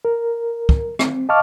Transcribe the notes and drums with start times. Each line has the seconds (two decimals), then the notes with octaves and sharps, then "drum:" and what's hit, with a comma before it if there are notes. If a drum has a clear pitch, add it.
0.05 A#4
0.69 drum: kick
0.99 C4, drum: rim click
1.29 D#5 F5 A5 C#6 D6 F6